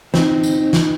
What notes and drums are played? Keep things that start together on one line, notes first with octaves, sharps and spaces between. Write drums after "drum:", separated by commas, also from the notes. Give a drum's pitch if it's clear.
C4 D#4, drum: snare
drum: tambourine
drum: snare